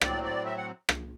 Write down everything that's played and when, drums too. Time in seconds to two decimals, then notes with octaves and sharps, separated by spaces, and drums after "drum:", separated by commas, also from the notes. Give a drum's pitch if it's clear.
0.01 A2 F#3 C4 D5, drum: rim click
0.24 D5
0.46 E5
0.57 F#5
0.89 drum: rim click